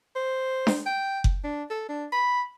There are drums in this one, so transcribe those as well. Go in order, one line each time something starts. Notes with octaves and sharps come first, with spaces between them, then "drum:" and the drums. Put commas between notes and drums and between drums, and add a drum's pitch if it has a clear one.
C5
drum: snare D4
G5
drum: kick F#1
D4
A4
D4
B5